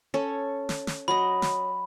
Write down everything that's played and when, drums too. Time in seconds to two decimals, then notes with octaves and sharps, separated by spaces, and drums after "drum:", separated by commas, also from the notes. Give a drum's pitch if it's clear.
0.14 C#4 A4 C#5
0.69 drum: snare
0.87 drum: snare
1.08 F#3 D#5 B5
1.42 drum: snare